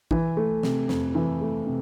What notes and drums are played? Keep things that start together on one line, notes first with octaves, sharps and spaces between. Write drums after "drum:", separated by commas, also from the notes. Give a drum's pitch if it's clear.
E3, drum: kick
A3
C3, drum: snare
F2, drum: snare
E3
A3
C3